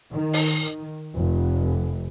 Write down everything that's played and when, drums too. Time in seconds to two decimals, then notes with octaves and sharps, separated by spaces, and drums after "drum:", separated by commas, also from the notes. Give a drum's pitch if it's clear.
0.11 D#3
0.33 drum: open hi-hat
1.16 F1